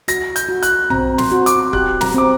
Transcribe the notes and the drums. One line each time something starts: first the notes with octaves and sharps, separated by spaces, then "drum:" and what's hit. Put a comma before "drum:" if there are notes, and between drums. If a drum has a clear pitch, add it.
F#4 A#6, drum: hi-hat
G6, drum: hi-hat
F#4
F#6, drum: hi-hat
C4 A#5, drum: tom B1
C6, drum: snare
F#4
D6, drum: hi-hat
G4 F#6, drum: kick C#1
A#5, drum: snare
C4 D6